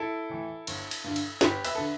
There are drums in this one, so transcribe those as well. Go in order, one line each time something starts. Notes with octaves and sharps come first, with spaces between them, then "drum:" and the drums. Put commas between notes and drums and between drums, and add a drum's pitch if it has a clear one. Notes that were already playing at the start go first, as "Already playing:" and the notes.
Already playing: E4 A4
A2 E3
G1, drum: cymbal
drum: cymbal
G2 D3
drum: cymbal
G1 G4 B4, drum: snare
B4 E5, drum: cymbal
A4
D3